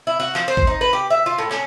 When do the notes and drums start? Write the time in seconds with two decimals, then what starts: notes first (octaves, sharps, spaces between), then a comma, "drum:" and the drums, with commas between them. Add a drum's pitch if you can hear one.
0.07 E4
0.20 F#4
0.35 F3, drum: clap
0.48 C5
0.57 drum: kick A1
0.67 D#4
0.81 B4
0.93 G4
1.10 E5
1.26 F4
1.38 A2
1.51 C#4, drum: clap